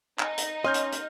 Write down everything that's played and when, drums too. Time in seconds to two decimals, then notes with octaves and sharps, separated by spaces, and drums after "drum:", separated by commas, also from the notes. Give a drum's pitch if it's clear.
0.19 D#4, drum: clap
0.38 drum: hi-hat
0.64 C#4 D#5 C6 F6 G6
0.74 drum: hi-hat
0.92 drum: hi-hat